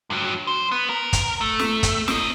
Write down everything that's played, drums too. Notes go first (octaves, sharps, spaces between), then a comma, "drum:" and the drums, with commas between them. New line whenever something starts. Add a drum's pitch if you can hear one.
G2 F#3
C5
B3
A#4
drum: kick, hi-hat
A3
drum: snare
drum: kick, hi-hat
C4 D#5, drum: snare